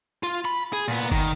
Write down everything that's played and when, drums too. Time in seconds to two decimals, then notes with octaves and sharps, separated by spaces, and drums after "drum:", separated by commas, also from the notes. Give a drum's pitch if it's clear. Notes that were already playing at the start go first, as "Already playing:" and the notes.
0.23 F4
0.45 B5
0.73 G#4
0.88 A#2 B3
1.12 D#3, drum: kick F#1